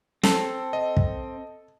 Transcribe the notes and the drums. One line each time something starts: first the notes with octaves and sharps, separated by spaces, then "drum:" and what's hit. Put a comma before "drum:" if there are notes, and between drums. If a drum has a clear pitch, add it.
C4 A4, drum: snare
D#5
drum: kick